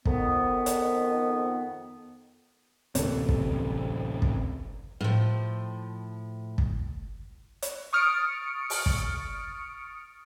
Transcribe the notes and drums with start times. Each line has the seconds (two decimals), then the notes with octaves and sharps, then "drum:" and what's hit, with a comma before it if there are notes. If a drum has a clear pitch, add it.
0.06 F2 D#3 B3, drum: kick
0.66 drum: hi-hat
2.95 A1 D2 C3 A#3 C4 A4, drum: hi-hat
3.29 drum: kick
4.22 drum: kick
5.01 A2 F3
6.58 drum: kick
7.62 drum: hi-hat
7.93 C#6 D#6 F6 A6 C#7 D7
8.70 drum: open hi-hat
8.86 drum: kick